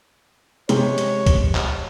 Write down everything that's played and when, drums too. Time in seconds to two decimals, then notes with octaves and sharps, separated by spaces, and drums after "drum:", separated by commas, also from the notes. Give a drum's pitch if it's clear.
0.69 C3 G#3 C#5, drum: hi-hat
0.98 drum: hi-hat
1.26 drum: kick, hi-hat
1.55 drum: clap